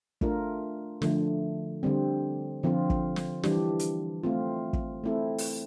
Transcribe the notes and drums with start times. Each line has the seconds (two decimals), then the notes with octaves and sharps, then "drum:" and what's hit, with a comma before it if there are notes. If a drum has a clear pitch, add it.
0.21 A3 D4 F4 A#4, drum: kick
1.02 D3 F3 A3, drum: snare
1.83 D3 G3 C4
2.63 D3 F3 C4 F4
2.90 drum: kick
3.16 drum: snare
3.43 E3 G3 D4 G4, drum: snare
3.79 drum: hi-hat
4.23 A3 C4 F4
4.73 drum: kick
5.04 A3 C4 E4 A4
5.38 drum: open hi-hat